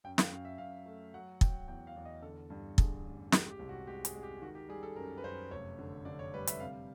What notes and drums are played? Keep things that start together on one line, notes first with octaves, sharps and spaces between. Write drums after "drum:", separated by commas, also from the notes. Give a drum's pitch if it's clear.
F#2 G5
F5, drum: snare
F#2 F5
E5
F#2 F5
A3
F#3 F#5
F#3 G5, drum: kick
E2 G5
F5
E2
D#5
D3 A4
G2
D3 G#4, drum: kick
A1
G#3 G4, drum: snare
G4
C2
F#4
G#3 G4
G#4, drum: hi-hat
G#3
G4
D#3 F#4
G4
G3 G#4
A4
F#2 A#4
B4
F#2 C5
F1 C#5
D3
D3 D5
C#5
G3 B4
E5, drum: hi-hat
C3 F5